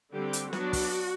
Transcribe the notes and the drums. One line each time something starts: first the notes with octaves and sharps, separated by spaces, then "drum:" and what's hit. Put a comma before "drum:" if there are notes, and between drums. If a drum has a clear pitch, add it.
D3 G3 C4 G4
drum: hi-hat
F#3 B3 D4 F#4, drum: snare
drum: kick, open hi-hat